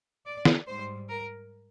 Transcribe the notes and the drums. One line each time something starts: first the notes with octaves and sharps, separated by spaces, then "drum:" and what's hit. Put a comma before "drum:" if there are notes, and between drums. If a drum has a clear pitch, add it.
D5
drum: snare
G#2 G3 C5
A#4